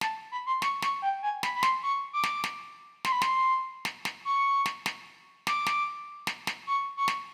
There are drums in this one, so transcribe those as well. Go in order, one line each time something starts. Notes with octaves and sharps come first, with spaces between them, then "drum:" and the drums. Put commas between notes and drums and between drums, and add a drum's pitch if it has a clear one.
A5, drum: snare
B5
C6
C#6, drum: snare
C#6, drum: snare
G5
G#5
B5, drum: snare
B5
C6, drum: snare
C#6
D6
drum: snare
drum: snare
C6, drum: snare
B5
C6, drum: snare
drum: snare
drum: snare
C#6
drum: snare
drum: snare
D6, drum: snare
drum: snare
drum: snare
drum: snare
C#6
C#6
drum: snare